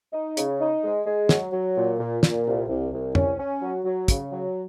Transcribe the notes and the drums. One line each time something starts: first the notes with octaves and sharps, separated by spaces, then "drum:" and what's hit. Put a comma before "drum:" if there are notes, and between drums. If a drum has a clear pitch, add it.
D#4
C#3, drum: hi-hat
D#4
G#3
G#3
F#3, drum: snare
F#3
A#2
A#2
A#2, drum: snare
C2
C2
C2
C#4, drum: tom F2
C#4
F#3
F#3
C#3, drum: kick, hi-hat
F#3